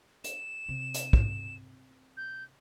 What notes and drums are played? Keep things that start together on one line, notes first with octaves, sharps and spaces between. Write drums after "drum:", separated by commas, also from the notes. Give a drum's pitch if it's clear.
E7, drum: hi-hat
C3
drum: hi-hat
drum: kick
G6